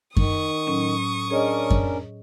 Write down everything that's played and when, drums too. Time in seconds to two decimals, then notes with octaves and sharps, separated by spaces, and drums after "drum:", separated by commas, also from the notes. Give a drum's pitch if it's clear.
0.17 D#3 C#6 D#6, drum: kick F#2
0.67 A2 F#3 C#4
1.30 C#4 D4 G#4 A#4 C#5 D#5
1.70 drum: kick F#2